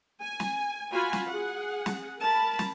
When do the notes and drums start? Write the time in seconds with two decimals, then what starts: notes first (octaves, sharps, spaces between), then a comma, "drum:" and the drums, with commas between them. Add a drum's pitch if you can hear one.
0.21 G#5
0.40 drum: snare
0.91 F4 F#4 G#5 B5
1.13 drum: snare
1.28 G#4 F#5
1.86 drum: snare
2.21 A#4 A5 B5
2.59 drum: snare